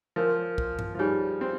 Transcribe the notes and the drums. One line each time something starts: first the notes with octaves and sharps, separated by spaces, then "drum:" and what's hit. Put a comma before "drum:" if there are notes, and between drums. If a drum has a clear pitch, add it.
F3 A#4 C#5 G#5 C6
drum: kick
drum: tom G2
F3
G3 D#4 G#4 C#5 G#5
C4